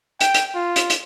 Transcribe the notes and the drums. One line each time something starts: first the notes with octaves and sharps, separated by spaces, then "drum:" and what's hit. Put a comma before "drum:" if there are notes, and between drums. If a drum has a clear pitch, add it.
G5, drum: hi-hat
drum: hi-hat
F4
drum: hi-hat
drum: hi-hat